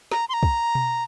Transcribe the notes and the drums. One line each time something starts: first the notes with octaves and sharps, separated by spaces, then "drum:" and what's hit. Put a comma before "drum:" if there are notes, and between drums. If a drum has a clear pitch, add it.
A#5, drum: snare
C6
A#5
drum: kick
drum: tom B2